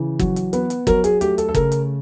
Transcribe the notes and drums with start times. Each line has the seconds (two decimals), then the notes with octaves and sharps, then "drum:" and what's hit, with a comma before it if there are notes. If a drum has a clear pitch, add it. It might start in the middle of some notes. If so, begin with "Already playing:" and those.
Already playing: C#3 E3
0.19 F#3, drum: kick, hi-hat
0.36 drum: hi-hat
0.53 B3, drum: hi-hat
0.70 drum: hi-hat
0.87 F#3 A#4, drum: kick, hi-hat
1.04 G#4, drum: hi-hat
1.21 A3 G4, drum: hi-hat
1.38 A4, drum: hi-hat
1.49 A4
1.55 C#3 A#4, drum: kick, hi-hat
1.72 drum: hi-hat